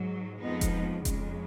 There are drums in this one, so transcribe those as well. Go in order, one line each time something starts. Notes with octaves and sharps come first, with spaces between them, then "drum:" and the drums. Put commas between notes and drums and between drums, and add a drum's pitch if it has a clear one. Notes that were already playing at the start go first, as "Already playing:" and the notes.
Already playing: G#2 F#3
F2 F3 G#3 B3 D#4
drum: kick E1, hi-hat
F2 C#3 G#3, drum: kick E1, hi-hat